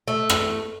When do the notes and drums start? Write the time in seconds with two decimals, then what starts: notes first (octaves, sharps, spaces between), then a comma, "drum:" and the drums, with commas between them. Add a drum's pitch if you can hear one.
0.08 A3
0.30 drum: rim click